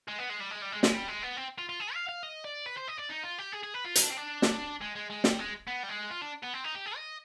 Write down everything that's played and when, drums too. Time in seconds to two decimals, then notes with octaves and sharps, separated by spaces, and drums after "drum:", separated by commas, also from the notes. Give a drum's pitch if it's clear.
0.08 G#3
0.18 B3
0.29 G#3
0.40 G3
0.51 G#3
0.62 G3
0.72 G#3
0.83 G#3, drum: snare
0.94 G3
1.08 G#3
1.23 B3
1.37 C4
1.58 F4
1.69 F4
1.80 G#4
1.94 F5
2.09 F5
2.23 D#5
2.44 D5
2.66 B4
2.77 C5
2.88 D#5
2.98 D5
3.09 D#4
3.23 F4
3.38 G4
3.52 G#4
3.63 G#4
3.74 B4
3.85 F4
3.95 D#4, drum: hi-hat
4.02 D4
4.10 C4
4.17 D4
4.42 drum: snare
4.81 G#3
4.96 G#3
5.10 G#3
5.24 G3, drum: snare
5.39 G#3
5.68 B3
5.83 G3
5.89 G#3
6.10 F4
6.21 D4
6.43 B3
6.53 C4
6.64 D#4
6.75 G4
6.86 G#4
6.96 D#5